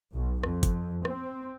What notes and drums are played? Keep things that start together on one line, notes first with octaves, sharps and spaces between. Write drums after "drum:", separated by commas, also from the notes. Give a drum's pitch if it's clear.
B1
F2, drum: rim click
drum: kick G1, hi-hat
C4, drum: rim click